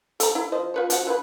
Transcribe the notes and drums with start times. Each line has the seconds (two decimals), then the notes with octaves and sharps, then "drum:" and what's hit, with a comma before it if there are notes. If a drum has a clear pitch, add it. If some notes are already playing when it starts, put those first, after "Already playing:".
0.20 A4 A#5, drum: hi-hat
0.35 E4
0.52 F3 C5 D#5
0.74 F4 B4 C#5
0.90 F3 F#4, drum: hi-hat
1.07 E3 F4 B4